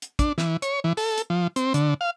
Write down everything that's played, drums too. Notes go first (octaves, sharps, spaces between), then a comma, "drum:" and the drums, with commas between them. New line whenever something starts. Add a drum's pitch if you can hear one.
drum: hi-hat
D4, drum: kick, hi-hat
E3, drum: snare
C#5, drum: hi-hat
E3
A4, drum: open hi-hat
drum: hi-hat
F3
C4, drum: hi-hat
D3, drum: hi-hat
F5